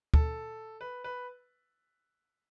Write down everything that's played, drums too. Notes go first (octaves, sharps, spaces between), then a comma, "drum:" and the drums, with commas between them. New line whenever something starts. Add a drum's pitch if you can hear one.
A4, drum: kick D2
B4
B4